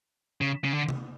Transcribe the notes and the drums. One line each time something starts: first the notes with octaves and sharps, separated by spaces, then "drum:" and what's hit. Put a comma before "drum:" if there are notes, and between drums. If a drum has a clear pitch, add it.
C#3
C#3
D3
drum: tom C3